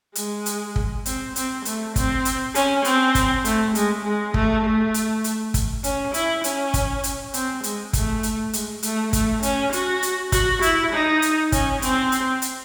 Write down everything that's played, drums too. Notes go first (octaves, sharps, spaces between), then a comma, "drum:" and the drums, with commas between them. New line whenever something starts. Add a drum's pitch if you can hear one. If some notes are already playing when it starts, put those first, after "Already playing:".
G#3, drum: hi-hat
drum: hi-hat
drum: kick
C4, drum: hi-hat
C4, drum: hi-hat
A3, drum: hi-hat
C4, drum: kick, hi-hat
drum: hi-hat
C#4, drum: hi-hat
C4, drum: hi-hat
drum: kick, hi-hat
A3, drum: hi-hat
G#3, drum: hi-hat
G#3
A3, drum: kick
A3
drum: hi-hat
drum: hi-hat
drum: kick, hi-hat
C#4, drum: hi-hat
E4, drum: hi-hat
C#4, drum: hi-hat
drum: kick, hi-hat
drum: hi-hat
C4, drum: hi-hat
G#3, drum: hi-hat
A3, drum: kick, hi-hat
drum: hi-hat
G#3, drum: hi-hat
A3, drum: hi-hat
A3, drum: kick, hi-hat
C#4, drum: hi-hat
F#4, drum: hi-hat
drum: hi-hat
F#4, drum: kick, hi-hat
E4, drum: hi-hat
D#4
drum: hi-hat
C#4, drum: kick, hi-hat
C4, drum: hi-hat
drum: hi-hat
drum: hi-hat